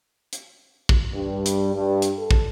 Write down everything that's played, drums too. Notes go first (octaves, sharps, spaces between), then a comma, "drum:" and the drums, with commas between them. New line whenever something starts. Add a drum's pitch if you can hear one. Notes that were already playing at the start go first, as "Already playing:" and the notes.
drum: hi-hat
drum: kick
G2
drum: hi-hat
G2
drum: hi-hat
A4
drum: kick